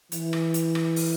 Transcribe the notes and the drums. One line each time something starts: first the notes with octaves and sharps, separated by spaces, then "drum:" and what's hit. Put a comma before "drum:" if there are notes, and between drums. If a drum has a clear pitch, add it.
E3, drum: hi-hat
drum: rim click
drum: hi-hat
drum: rim click
drum: open hi-hat